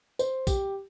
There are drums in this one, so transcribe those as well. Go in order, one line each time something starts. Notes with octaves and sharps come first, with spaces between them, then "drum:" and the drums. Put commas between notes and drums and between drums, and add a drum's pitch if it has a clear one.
C5, drum: tambourine
G4, drum: kick A#1, tambourine